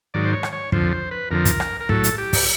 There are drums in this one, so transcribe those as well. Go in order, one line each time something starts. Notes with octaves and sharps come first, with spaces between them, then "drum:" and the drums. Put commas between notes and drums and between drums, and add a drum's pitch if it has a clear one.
G#2 D#3 F#3 D5
C5
C#5
drum: rim click
C#5
F2 D3 F3 C5, drum: kick
C5
B4
F2 D3 F3 A#4
drum: kick, hi-hat
drum: rim click
A#4
A2 F#3 A4, drum: kick
drum: hi-hat
G4
drum: kick, open hi-hat